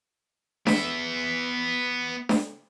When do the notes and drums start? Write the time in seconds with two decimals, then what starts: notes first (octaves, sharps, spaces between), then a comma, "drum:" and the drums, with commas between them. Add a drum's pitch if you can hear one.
0.67 B3 E5, drum: snare D4
2.29 drum: snare D4